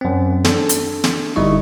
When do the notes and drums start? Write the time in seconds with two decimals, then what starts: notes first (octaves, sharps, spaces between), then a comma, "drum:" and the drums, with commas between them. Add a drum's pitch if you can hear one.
0.01 F#2 C4
0.45 D4 A4, drum: snare
0.69 drum: hi-hat
1.04 drum: snare
1.36 G1 G3 D#4 E4 D#5 C#6